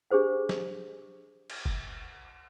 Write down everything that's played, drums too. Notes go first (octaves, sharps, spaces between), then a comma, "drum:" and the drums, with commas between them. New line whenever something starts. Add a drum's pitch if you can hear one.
D4 G4 G#4 C5 F#5
drum: snare
drum: cymbal
drum: kick F#1